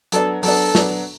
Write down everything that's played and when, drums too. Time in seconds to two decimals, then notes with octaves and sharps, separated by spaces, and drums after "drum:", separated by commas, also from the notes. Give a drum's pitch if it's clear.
0.12 F#3 B3 D4 A4, drum: hi-hat
0.43 F#3 B3 D4 A4, drum: open hi-hat
0.75 F#3 B3 D4, drum: snare